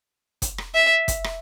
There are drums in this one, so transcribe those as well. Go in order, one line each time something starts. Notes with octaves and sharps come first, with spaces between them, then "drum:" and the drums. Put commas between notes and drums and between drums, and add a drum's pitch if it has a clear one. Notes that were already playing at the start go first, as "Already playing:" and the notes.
drum: kick, hi-hat
drum: rim click
E5
drum: kick, hi-hat
drum: rim click